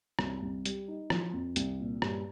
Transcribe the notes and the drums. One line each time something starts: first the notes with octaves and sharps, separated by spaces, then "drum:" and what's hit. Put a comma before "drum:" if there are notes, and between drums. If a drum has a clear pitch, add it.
C2, drum: rim click
C2
G3, drum: hi-hat
D#4
F3, drum: rim click
F2
C2, drum: hi-hat
A#2
G2, drum: rim click